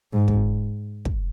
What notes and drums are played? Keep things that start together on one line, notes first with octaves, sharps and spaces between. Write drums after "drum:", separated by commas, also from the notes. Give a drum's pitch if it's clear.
G#2
drum: kick
drum: kick